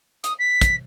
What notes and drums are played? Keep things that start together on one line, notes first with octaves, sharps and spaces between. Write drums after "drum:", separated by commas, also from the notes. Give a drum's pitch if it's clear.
D#6, drum: hi-hat
B6
drum: kick, hi-hat